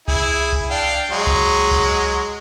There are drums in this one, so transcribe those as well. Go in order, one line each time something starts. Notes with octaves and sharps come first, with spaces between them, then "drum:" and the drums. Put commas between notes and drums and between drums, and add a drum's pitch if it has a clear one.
E4 G#4, drum: kick C2
drum: kick C2
D4 F5 G5
F#3 G#3
drum: kick C2
drum: kick C2